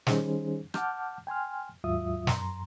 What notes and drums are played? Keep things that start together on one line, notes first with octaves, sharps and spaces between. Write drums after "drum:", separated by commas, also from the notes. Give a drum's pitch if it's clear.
D#3 G3 C#4 D#4 G#4 C5, drum: snare
F#5 A5 D6 F6 G6, drum: rim click
G5 G#5 C6 F6
D#2 G#2 F#3 F4 E5 D#6
F#2 A#5 C6, drum: snare